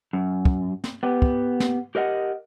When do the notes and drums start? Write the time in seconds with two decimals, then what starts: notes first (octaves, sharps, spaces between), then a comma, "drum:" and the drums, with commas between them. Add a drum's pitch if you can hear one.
0.13 F#2
0.45 drum: kick
0.84 drum: snare
1.03 B3 G4
1.22 drum: kick
1.60 drum: snare
1.95 G4 A#4 D#5 F#5